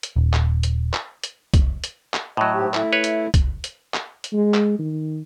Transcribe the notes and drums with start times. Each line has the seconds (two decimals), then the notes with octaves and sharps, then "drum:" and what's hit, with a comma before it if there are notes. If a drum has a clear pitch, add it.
0.03 drum: hi-hat
0.16 D#1
0.33 drum: clap
0.63 drum: hi-hat
0.93 drum: clap
1.24 drum: hi-hat
1.54 drum: kick C2, hi-hat
1.84 drum: hi-hat
2.14 drum: clap
2.37 A2 F#3 D#5
2.55 G#2 G4
2.74 A3 E4, drum: clap
2.93 B4 C#5
3.04 drum: hi-hat
3.34 drum: kick C2, hi-hat
3.64 drum: hi-hat
3.94 drum: clap
4.24 drum: hi-hat
4.33 G#3
4.54 drum: clap
4.79 D#3